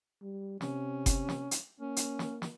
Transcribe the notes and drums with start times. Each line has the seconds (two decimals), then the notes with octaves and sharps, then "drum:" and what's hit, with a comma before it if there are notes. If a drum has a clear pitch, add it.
0.23 G3
0.61 C3 C#4, drum: snare
1.06 drum: kick F#1, hi-hat
1.29 drum: snare
1.51 drum: hi-hat
1.80 A#3 C#4
1.97 drum: hi-hat
2.19 drum: snare
2.42 drum: snare